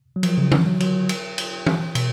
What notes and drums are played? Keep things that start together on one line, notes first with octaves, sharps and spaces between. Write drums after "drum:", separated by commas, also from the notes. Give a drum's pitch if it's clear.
F#3
F3, drum: cymbal
C#3
D3, drum: tom E3
F#3
F#3, drum: cymbal
drum: cymbal
drum: cymbal
drum: tom E3
B2, drum: cymbal